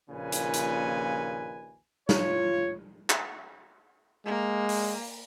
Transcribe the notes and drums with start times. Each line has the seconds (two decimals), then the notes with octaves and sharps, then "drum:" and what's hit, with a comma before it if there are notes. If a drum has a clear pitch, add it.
0.10 A#1 D#2 A#2 C#3 B4 G#5
0.32 drum: hi-hat
0.53 drum: hi-hat
2.09 F4 C#5, drum: snare
3.10 drum: clap
4.26 G#3 A#3
4.69 drum: open hi-hat